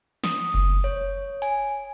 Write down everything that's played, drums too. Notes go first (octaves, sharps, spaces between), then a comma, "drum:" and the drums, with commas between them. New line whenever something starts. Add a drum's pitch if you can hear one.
D#6, drum: snare
drum: kick F#1
C#5
G#5, drum: hi-hat